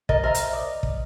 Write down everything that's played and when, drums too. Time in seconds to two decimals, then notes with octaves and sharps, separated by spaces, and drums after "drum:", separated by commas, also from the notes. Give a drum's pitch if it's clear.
0.09 A#4 D#5 A6, drum: kick
0.24 A#4 C5 E5 A#5
0.34 drum: hi-hat
0.53 D5 D#5
0.83 drum: kick